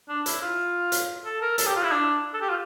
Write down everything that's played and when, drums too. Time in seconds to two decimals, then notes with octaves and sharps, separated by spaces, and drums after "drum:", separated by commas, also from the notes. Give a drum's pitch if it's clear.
0.08 D4
0.26 E4, drum: hi-hat
0.41 F4
0.92 drum: hi-hat
1.25 A4
1.41 A#4
1.58 A4, drum: hi-hat
1.67 G4
1.76 F4
1.83 E4
1.91 D4
2.34 A4
2.41 G4
2.50 F4